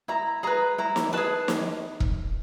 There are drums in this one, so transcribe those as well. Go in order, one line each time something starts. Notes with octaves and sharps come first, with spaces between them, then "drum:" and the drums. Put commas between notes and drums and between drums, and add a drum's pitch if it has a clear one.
E4 A#5
G#4 B4 A#5
E4 A#5
drum: snare
G#4 B4 A5
drum: snare
drum: kick E1